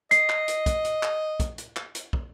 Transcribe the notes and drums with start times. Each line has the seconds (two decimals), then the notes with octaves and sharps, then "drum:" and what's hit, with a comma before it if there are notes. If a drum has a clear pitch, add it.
0.11 D#5 C7, drum: hi-hat
0.29 drum: clap
0.48 drum: hi-hat
0.66 drum: kick, hi-hat
0.85 drum: hi-hat
1.03 drum: clap
1.40 drum: kick, hi-hat
1.58 drum: hi-hat
1.76 drum: clap
1.95 drum: hi-hat
2.13 drum: kick